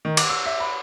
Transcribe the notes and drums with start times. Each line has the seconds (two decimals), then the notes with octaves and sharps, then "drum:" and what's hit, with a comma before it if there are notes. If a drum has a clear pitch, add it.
0.05 D#3
0.17 D6, drum: cymbal
0.30 E6
0.46 E5
0.60 B5